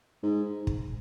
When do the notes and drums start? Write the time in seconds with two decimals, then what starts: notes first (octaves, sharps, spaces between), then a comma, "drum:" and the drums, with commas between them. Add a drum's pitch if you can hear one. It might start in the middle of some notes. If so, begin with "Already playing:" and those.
0.23 G#2
0.67 drum: kick